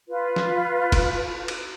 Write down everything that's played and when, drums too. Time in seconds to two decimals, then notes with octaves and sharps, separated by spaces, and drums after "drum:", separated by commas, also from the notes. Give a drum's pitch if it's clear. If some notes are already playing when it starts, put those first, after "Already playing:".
0.08 F4 B4
0.36 drum: snare
0.92 drum: kick, cymbal
1.48 drum: cymbal